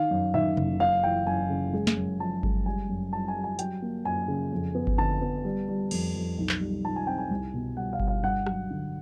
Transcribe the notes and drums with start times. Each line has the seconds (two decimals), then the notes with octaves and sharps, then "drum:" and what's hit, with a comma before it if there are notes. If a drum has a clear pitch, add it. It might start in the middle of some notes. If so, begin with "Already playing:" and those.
Already playing: D#3 F5
0.11 F#2
0.34 D#3 E5, drum: tom A2
0.57 F#1, drum: tom C3
0.80 F#2 F5
1.03 E3 G5
1.27 F#2 G#5
1.49 C#3
1.73 G#3
1.87 drum: snare
1.96 F#2
2.20 F3 A5
2.43 G#3, drum: kick G1
2.66 G3 G#5
2.89 F#2
3.12 G3 A5
3.28 G#5
3.35 G3
3.44 G#5
3.59 F#3 G5, drum: hi-hat
3.82 A#3
4.05 F#2 G#5
4.28 C#3
4.52 F2
4.75 B3
4.87 drum: kick G1
4.98 D3 A5
5.21 B3
5.45 G3
5.68 G3
5.91 F2, drum: cymbal
6.15 F2
6.38 B1
6.49 drum: clap
6.61 G3
6.84 B1 A5
6.96 G#5
7.07 C4 G5
7.18 G#5
7.30 C2
7.54 B2
7.77 G3 F#5
7.93 F5
8.00 G3, drum: kick G1
8.08 F5
8.23 G2 F#5
8.46 F#3, drum: rim click
8.70 D3